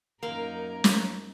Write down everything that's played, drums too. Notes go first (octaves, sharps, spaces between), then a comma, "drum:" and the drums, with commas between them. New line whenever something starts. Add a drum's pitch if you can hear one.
F#2 A#3 D#4 A#4
drum: snare